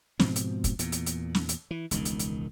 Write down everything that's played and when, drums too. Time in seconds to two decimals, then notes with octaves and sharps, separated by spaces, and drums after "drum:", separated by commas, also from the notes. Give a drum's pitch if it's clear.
0.20 G#2 B2 F3 C4, drum: snare
0.36 drum: hi-hat
0.64 drum: kick, hi-hat
0.79 E2 A#2, drum: hi-hat
0.92 drum: hi-hat
1.06 drum: hi-hat
1.35 drum: snare
1.49 drum: hi-hat
1.71 E3
1.91 E1 C#2 D#3, drum: hi-hat
2.05 drum: hi-hat
2.19 drum: hi-hat